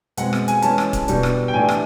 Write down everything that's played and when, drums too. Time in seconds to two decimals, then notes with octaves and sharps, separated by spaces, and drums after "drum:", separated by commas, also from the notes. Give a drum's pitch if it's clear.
0.17 B2 G#3 C4 F#5, drum: hi-hat
0.33 drum: rim click
0.48 G#5, drum: hi-hat
0.62 E3 G#3 C#4 A5, drum: hi-hat
0.78 drum: rim click
0.93 drum: kick D1, hi-hat
1.08 B2 G3 B3 D4, drum: hi-hat
1.23 drum: rim click
1.48 G5
1.53 A2 E3 A3 D4 G#5
1.69 drum: rim click